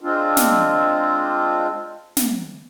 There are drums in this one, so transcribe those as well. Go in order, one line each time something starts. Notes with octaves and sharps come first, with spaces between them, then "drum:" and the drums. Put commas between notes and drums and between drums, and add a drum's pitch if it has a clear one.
G#3 C4 D4 F4
drum: snare
drum: snare